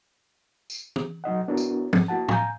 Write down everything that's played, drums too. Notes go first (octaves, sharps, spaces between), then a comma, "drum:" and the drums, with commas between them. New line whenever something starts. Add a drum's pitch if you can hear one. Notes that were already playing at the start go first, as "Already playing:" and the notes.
drum: tambourine
drum: tom
F#3 D#4 D#5 F#5
B3 D4 E4 F#4 A#4 C#5
drum: tambourine
G#2, drum: tom
A#3 E4 F#4 F#5 A5
F5 G#5 A#5 G6, drum: tom